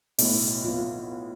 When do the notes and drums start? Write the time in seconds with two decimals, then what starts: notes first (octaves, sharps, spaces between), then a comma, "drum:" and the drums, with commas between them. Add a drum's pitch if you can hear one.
0.19 B1 A2, drum: open hi-hat
0.64 B3 F4